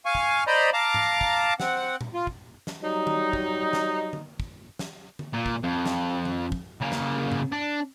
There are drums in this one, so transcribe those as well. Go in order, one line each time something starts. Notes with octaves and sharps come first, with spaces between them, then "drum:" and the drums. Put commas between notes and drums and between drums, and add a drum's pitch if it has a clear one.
F5 G#5 C#6
drum: kick
C5 D5 D#5 A#5 B5
F5 A5 A#5 D6
drum: tom G#2
drum: kick
C4 F#5, drum: snare
drum: tom A#2
F4
drum: kick
drum: snare
F#3 G3 D#4
drum: tom D#3
drum: kick
drum: snare
drum: tom D3
drum: kick
drum: snare
drum: tom D3
A#2
drum: kick
F2
drum: snare
drum: tom D#3
drum: kick
C#3 A#3
drum: snare
drum: tom G#2
D4